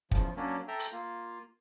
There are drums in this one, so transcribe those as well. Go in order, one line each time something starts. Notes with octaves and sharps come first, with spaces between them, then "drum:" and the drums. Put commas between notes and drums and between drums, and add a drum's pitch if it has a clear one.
E2 C#3 F3, drum: kick
F#3 A#3 C#4 D4
A4 E5 G5 A#5
drum: hi-hat
A#3 F4